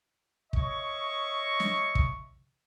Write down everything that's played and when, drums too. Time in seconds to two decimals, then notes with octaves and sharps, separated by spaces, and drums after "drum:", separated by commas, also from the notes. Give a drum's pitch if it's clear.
0.53 C#5 D#5 E5 C#6, drum: kick
1.60 drum: snare
1.95 drum: kick